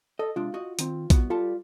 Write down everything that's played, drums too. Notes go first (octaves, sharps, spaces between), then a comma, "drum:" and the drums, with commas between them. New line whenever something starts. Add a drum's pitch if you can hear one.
A4 D#5
C3 G#3 D4 F4
F#4 D#5
D#3 C4, drum: hi-hat
C2 B3 F#4, drum: kick A#1, hi-hat
G3 F4 A4 A5